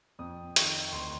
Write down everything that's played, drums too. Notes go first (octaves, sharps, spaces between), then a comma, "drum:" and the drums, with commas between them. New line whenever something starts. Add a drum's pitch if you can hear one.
F2 D#6
D#3 C#6, drum: hi-hat
D2 C6